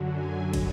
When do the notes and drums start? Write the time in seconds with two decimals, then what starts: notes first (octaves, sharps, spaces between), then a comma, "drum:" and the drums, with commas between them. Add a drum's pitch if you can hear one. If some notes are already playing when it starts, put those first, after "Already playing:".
Already playing: F#2 D3 F#3
0.09 G#5
0.53 drum: kick, cymbal